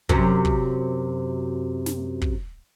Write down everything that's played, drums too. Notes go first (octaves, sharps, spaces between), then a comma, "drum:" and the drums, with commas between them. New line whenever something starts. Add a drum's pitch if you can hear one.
F#2 C3, drum: kick
drum: kick
drum: snare
drum: kick